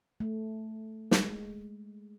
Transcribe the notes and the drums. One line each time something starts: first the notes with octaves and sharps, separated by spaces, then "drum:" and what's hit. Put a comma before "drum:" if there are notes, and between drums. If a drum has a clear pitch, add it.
A3
G#3, drum: snare